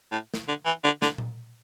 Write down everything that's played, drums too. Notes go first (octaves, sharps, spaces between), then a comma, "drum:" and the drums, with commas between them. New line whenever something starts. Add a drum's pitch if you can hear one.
A2
drum: snare
D3
E3
D3
D3, drum: snare
drum: tom A#2